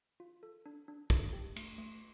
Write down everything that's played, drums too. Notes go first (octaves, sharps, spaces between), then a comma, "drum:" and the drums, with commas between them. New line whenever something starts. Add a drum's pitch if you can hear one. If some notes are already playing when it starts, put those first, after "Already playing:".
F4
A4
D4
D4
D4, drum: kick
G4
A3, drum: cymbal
A3